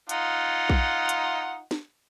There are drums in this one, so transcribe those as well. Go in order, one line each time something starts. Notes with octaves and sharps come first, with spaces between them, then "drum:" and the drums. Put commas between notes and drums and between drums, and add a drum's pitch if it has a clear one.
D#4 F4 F#5, drum: hi-hat
drum: kick A#1
drum: hi-hat
drum: snare